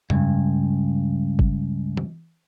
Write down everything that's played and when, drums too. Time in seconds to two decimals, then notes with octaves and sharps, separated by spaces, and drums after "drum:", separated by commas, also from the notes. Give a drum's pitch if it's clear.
0.10 C#2 G2, drum: tom F2
1.39 drum: kick G1
1.97 drum: tom